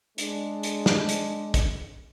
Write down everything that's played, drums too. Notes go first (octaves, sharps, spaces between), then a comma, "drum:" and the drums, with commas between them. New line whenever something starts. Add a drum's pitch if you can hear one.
G#3 D4, drum: hi-hat
drum: hi-hat
drum: snare
drum: hi-hat
drum: kick, hi-hat